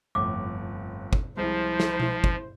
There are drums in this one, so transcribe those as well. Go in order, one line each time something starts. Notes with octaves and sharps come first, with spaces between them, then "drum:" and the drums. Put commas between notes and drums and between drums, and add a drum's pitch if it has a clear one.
G1 F2 A2 D6
drum: kick
C2 F3 G#3 E4 C5
drum: snare
drum: tom B2
drum: kick